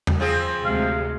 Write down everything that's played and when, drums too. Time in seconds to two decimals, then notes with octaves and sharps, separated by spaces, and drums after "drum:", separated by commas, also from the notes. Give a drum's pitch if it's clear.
0.07 drum: tom E2
0.20 F3 C4 G#4
0.65 D2 C3 G#3 F5